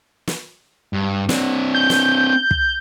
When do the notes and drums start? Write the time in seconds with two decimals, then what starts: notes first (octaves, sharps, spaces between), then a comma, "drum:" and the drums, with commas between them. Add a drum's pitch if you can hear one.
0.27 drum: snare
0.93 G2
1.29 C4 D4, drum: snare
1.75 G6
1.90 drum: snare
2.51 drum: kick